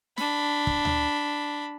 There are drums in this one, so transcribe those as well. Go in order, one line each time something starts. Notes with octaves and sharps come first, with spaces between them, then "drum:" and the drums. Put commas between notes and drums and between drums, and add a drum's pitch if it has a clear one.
D4 B5, drum: snare
drum: kick
drum: tom D2